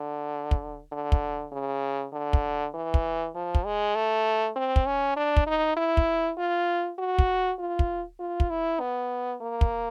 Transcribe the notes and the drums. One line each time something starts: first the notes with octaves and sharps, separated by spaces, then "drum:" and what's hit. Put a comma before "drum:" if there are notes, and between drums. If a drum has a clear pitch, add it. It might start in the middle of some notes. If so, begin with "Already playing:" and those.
Already playing: D3
drum: kick
D3
drum: kick
C#3
D3
drum: kick
E3
drum: kick
F3
drum: kick
G#3
A3
C4
drum: kick
C#4
D4
drum: kick
D#4
E4
drum: kick
F4
F#4
drum: kick
F4
drum: kick
F4
drum: kick
E4
B3
A#3
drum: kick